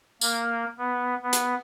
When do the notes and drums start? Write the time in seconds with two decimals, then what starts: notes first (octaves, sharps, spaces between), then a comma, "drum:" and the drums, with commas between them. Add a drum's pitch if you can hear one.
0.21 A#3, drum: tambourine
0.78 B3
1.23 B3
1.33 drum: hi-hat